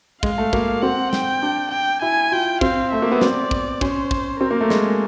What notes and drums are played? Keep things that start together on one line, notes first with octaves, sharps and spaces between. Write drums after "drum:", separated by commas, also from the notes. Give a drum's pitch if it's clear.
G#3 F5, drum: kick
A3
A#3, drum: kick
C4 F#5
G5, drum: snare
D4
G5
E4 G#5
F4 G5
C4 F5, drum: kick
A3 E5
A#3
B3
C4 D5, drum: snare
drum: kick
C#4 C5, drum: kick
drum: kick
C4 A#4
A#3
A3
G#3, drum: snare